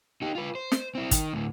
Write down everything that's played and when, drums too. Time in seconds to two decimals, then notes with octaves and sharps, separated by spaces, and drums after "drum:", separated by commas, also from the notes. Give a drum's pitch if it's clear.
0.22 D#4 G4
0.35 F4 B4
0.55 C5
0.72 drum: snare
0.95 C4 E4
1.11 D#3, drum: kick, hi-hat
1.34 D2 A2